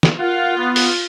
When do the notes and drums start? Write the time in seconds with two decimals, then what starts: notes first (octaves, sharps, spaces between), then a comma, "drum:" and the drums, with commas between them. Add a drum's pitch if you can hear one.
0.03 drum: snare
0.20 F4 A#4 F5 F#5
0.57 B3
0.76 drum: open hi-hat